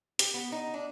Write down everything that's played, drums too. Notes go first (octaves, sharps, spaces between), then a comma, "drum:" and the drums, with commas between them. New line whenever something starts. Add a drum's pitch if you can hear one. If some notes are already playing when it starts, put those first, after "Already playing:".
G4, drum: hi-hat
B3
D#4
D4